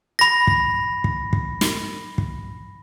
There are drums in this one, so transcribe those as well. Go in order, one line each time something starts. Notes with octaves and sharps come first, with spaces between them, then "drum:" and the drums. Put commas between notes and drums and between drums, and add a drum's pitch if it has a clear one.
B5 A#6
drum: kick
drum: kick
drum: kick
drum: snare
drum: kick